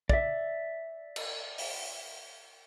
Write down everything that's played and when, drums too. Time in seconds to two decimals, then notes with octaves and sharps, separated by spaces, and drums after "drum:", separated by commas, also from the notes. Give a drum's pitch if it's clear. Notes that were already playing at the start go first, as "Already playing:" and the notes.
0.09 D5 E5, drum: kick
1.16 drum: cymbal
1.58 drum: open hi-hat